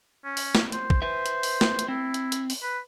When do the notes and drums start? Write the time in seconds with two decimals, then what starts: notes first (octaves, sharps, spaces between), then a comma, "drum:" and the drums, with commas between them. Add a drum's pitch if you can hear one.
0.25 C#4
0.37 drum: open hi-hat
0.55 drum: snare
0.72 C5, drum: hi-hat
0.90 drum: kick
1.02 B4 C5 E5
1.26 drum: hi-hat
1.43 drum: open hi-hat
1.61 drum: snare
1.79 drum: hi-hat
1.88 C4 E4
2.14 drum: hi-hat
2.32 drum: hi-hat
2.50 drum: open hi-hat
2.63 B4